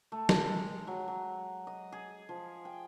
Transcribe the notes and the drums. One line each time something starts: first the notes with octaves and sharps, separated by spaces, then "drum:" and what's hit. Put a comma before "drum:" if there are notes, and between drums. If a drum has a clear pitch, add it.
A3
drum: snare
G#3
F#3
F#3
D#5
G#4
F3
G5